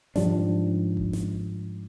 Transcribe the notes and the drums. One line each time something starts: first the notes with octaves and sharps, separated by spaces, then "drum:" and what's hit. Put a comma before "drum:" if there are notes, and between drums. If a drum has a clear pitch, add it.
G#2 F3 G3 D4, drum: snare
drum: kick G1
drum: snare